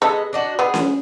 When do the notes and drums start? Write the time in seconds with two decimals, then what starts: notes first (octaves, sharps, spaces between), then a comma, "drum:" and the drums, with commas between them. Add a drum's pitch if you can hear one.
0.02 G#3 B3 A4 D#5
0.33 D4 D#4 F#4
0.59 B3 G#4
0.74 drum: snare C#4